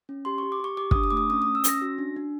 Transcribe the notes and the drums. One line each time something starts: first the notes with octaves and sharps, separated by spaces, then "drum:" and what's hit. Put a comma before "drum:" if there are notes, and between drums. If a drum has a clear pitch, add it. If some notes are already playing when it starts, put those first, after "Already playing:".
C#4
G4 C6
C#6
G4
D6
G4 C#6
G4 D6
D#6, drum: kick
D4
D#6
A3 D6
D#6
C#4 D#6
D#6
C#4
E6
C#4 A#6, drum: hi-hat
F#4
D4
D4